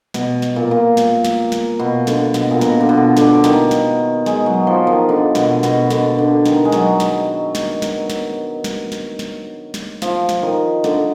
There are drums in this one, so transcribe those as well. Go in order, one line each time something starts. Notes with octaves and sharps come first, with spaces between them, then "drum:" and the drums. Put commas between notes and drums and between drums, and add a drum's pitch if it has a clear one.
B2, drum: snare
drum: snare
A#2
A#2
drum: snare
drum: snare
drum: snare
B2
D3, drum: snare
B2, drum: snare
A#2
B2, drum: snare
D3
B2
D3, drum: snare
D#3, drum: snare
drum: snare
G#3, drum: snare
F#3
F3
D#3
D3
B2, drum: snare
B2, drum: snare
D3, drum: snare
D3
D#3, drum: snare
G#3
F#3, drum: snare
drum: snare
drum: snare
drum: snare
drum: snare
drum: snare
drum: snare
drum: snare
drum: snare
F3, drum: snare
drum: snare
D#3
D3, drum: snare